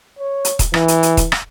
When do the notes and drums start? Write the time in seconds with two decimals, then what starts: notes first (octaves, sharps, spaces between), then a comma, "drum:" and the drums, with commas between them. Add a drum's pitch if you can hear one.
0.19 C#5
0.45 drum: hi-hat
0.59 drum: kick D#1, hi-hat
0.74 E3, drum: rim click
0.88 drum: hi-hat
1.03 drum: hi-hat
1.17 drum: kick D#1, hi-hat
1.32 drum: rim click